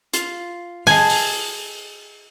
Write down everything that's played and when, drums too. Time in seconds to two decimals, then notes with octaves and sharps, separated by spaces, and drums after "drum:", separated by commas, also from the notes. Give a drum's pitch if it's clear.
0.13 F4, drum: hi-hat
0.87 G#4 D#5 G#5 A5, drum: open hi-hat
1.10 drum: open hi-hat